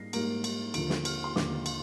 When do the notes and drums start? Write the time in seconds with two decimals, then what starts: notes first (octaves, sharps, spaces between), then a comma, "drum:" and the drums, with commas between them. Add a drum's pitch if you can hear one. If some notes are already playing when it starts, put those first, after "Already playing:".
Already playing: G#2 G3 A#3 A#6 C7
0.13 G#2 G3 A#3 D7, drum: cymbal
0.44 drum: cymbal
0.74 D#2 D3 F3 A#3 D7, drum: cymbal
0.90 drum: snare
1.05 F6, drum: cymbal
1.24 C6
1.36 D#2 D3 F3 A#3 D6, drum: snare
1.66 drum: cymbal